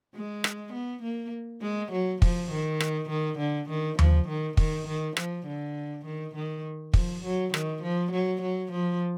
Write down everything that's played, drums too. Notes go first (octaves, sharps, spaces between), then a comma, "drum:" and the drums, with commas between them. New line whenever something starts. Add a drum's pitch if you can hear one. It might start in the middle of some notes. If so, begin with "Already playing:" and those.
G#3
drum: rim click
B3
A#3
G#3
F#3
F3, drum: kick
D#3
drum: rim click
D#3
D3
D#3
F3, drum: tom D#2
D#3
D#3, drum: kick
D#3
F3, drum: rim click
D3
D#3
D#3
F3, drum: kick
F#3
D#3, drum: rim click
F3
F#3
F#3
F3